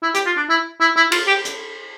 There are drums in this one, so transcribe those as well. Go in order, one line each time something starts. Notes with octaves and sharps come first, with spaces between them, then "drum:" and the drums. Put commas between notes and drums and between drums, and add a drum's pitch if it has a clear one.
E4
G4, drum: hi-hat
F4
D4
E4
E4
E4
F4, drum: cymbal
G4
drum: hi-hat